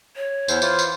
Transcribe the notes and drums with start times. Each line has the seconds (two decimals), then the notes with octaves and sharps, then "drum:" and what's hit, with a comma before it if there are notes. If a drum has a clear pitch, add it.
0.16 C#5
0.48 E2 C5, drum: tambourine
0.62 E3 F4, drum: tambourine
0.79 drum: tambourine